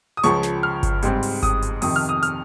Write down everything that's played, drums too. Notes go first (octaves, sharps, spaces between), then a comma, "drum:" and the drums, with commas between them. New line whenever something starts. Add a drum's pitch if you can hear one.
D#6
C#2 C#3 F3 C#6, drum: hi-hat
drum: snare
F6
drum: kick G1, hi-hat
G#2 G3 C4, drum: hi-hat
drum: open hi-hat
D#6, drum: kick G1, hi-hat
drum: hi-hat
F2 C3 D#3 D#6, drum: open hi-hat
F6
D#6
F6, drum: hi-hat